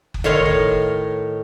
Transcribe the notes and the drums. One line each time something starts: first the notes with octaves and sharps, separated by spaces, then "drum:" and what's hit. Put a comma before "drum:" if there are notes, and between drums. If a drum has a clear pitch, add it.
drum: kick F#1
A2 D#3 C#5 F5 C6
drum: kick F#1